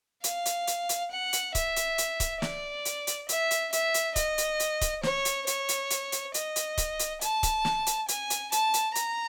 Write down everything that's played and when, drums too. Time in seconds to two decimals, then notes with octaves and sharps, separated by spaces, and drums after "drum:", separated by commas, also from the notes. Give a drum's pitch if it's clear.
0.24 F5, drum: hi-hat
0.46 drum: hi-hat
0.67 drum: hi-hat
0.89 drum: hi-hat
1.11 F#5
1.33 drum: hi-hat
1.55 E5, drum: kick C#1, hi-hat
1.76 drum: hi-hat
1.98 drum: hi-hat
2.20 drum: kick C#1, hi-hat
2.42 D5, drum: snare
2.85 drum: hi-hat
3.07 drum: hi-hat
3.29 E5, drum: hi-hat
3.51 drum: hi-hat
3.73 E5, drum: hi-hat
3.94 drum: hi-hat
4.16 D#5, drum: kick C#1, hi-hat
4.38 drum: hi-hat
4.60 drum: hi-hat
4.81 drum: kick C#1, hi-hat
5.03 C#5, drum: snare
5.25 drum: hi-hat
5.47 C#5, drum: hi-hat
5.69 drum: hi-hat
5.90 drum: hi-hat
6.12 drum: hi-hat
6.34 D#5, drum: hi-hat
6.56 drum: hi-hat
6.78 drum: kick C#1, hi-hat
6.99 drum: hi-hat
7.21 A5, drum: hi-hat
7.43 drum: kick C#1, hi-hat
7.65 drum: snare
7.86 drum: hi-hat
8.08 G#5, drum: hi-hat
8.30 drum: hi-hat
8.52 A5, drum: hi-hat
8.74 drum: hi-hat
8.95 A#5, drum: hi-hat